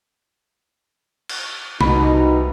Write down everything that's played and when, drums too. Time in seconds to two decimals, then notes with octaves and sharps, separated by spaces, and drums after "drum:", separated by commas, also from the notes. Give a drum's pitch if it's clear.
1.29 drum: cymbal
1.81 C2 B2 D#4 B5, drum: tom C3